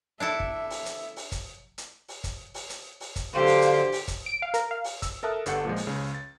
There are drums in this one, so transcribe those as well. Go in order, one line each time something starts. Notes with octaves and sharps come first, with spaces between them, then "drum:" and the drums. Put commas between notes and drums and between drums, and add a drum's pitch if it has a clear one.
D4 E4 A4 E5
drum: kick
drum: open hi-hat
drum: hi-hat
drum: open hi-hat
drum: kick, hi-hat
drum: hi-hat
drum: open hi-hat
drum: kick, hi-hat
drum: open hi-hat
drum: hi-hat
drum: open hi-hat
drum: kick, hi-hat
D3 F#3 G4 C5 F5
drum: open hi-hat
drum: hi-hat
drum: open hi-hat
drum: kick, hi-hat
D7
F5
A#4, drum: hi-hat
F5
drum: open hi-hat
E6, drum: kick, hi-hat
A4 A#4 E5 A5 D#6 F#6
G1 G2 A4 F#5 G6 C#7, drum: hi-hat
A#2 F3 G#3
drum: open hi-hat
C#2 C#3
A6